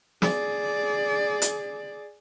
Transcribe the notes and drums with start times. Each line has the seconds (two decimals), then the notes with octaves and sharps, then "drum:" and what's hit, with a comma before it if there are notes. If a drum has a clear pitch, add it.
0.22 G#4 D5, drum: snare
1.42 drum: hi-hat